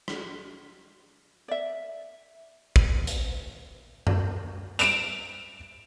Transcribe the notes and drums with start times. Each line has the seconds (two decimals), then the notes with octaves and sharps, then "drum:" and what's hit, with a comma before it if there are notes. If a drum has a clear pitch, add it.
0.08 drum: rim click
1.48 D5 E5
2.76 drum: kick
3.07 drum: hi-hat
4.07 drum: tom F#2
4.79 D7 E7 F7, drum: hi-hat